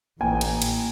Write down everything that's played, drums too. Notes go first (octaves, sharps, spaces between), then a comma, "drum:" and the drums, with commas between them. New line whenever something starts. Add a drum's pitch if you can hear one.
A1 A#3 G5 G#5
drum: cymbal
drum: cymbal